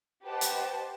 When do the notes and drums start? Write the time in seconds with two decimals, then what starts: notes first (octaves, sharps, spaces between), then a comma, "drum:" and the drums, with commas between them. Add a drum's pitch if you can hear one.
0.24 G4 B4 C5 D#5 F#5 A5
0.41 drum: hi-hat